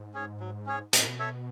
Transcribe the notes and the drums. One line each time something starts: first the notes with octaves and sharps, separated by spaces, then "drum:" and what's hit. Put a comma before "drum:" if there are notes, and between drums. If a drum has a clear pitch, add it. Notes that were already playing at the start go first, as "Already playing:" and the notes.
Already playing: G#2
C#4 G#4 C#5
F#3
C#4 G#4 C#5
B2 D#4, drum: hi-hat
A2
B2
A4 C#5 E5